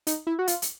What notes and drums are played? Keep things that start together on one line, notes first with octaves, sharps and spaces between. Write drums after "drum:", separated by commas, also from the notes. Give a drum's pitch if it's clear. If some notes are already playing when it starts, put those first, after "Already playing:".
D#4, drum: hi-hat
E4
F#4
F4, drum: hi-hat
drum: hi-hat